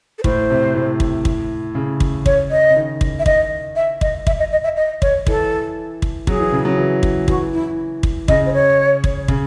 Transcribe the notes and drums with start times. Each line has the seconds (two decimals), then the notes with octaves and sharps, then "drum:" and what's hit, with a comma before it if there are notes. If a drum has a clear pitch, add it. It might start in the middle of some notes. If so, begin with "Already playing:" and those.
0.19 A4
0.24 A2 C5, drum: kick
0.50 C3
0.75 A2
1.00 drum: kick
1.25 drum: kick
1.75 C#3
2.00 drum: kick
2.26 C#5, drum: kick
2.51 D#5
2.70 C#3
2.76 D#3
3.01 drum: kick
3.19 E5
3.26 D#5, drum: kick
3.76 E5
4.01 D#5, drum: kick
4.27 E5, drum: kick
4.39 D#5
4.52 D#5
4.64 E5
4.76 D#5
5.02 C#5, drum: kick
5.27 E3 A4, drum: kick
6.02 drum: kick
6.27 F#3 G#4, drum: kick
6.40 E3
6.52 C#3
6.65 F#3
6.77 E3
7.03 drum: kick
7.28 E3 F#4, drum: kick
7.53 E4
8.03 drum: kick
8.28 C#3 D#5, drum: kick
8.46 C5
8.54 C#5
9.04 drum: kick
9.28 C#3, drum: kick